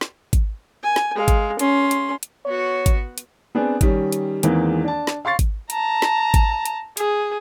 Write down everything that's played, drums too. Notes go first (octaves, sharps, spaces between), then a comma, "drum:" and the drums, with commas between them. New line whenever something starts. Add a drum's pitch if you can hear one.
drum: snare
drum: kick G#1, hi-hat
G#5
drum: snare
G#3 F5
drum: kick G#1, hi-hat
C#4 C6, drum: hi-hat
drum: hi-hat
drum: hi-hat
B3 F#4 C#5
drum: kick G#1, hi-hat
drum: hi-hat
B3 C4 D4 G#4
D#3 G3 C#4, drum: kick G#1, hi-hat
drum: hi-hat
E2 D#3 E3 G#3 A#3 C4, drum: hi-hat
D4 A5
drum: snare
F5 C6 C#6 A6 C7
drum: kick G#1, hi-hat
A5 A#5, drum: hi-hat
drum: snare
drum: kick G#1, hi-hat
drum: hi-hat
G#4, drum: hi-hat